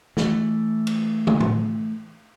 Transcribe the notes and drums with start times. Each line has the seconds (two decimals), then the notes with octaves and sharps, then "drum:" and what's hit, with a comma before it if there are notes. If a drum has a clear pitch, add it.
0.17 E3 A3, drum: snare
0.87 drum: cymbal
1.27 drum: tom
1.40 drum: tom A2